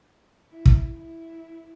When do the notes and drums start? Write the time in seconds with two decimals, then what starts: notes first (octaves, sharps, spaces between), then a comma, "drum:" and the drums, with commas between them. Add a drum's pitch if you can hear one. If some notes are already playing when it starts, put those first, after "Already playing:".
0.50 E4
0.66 drum: kick
0.96 E4